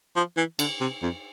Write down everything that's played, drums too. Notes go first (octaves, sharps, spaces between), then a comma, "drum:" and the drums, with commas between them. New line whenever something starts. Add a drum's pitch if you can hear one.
F3
E3
D3, drum: cymbal
C3
F2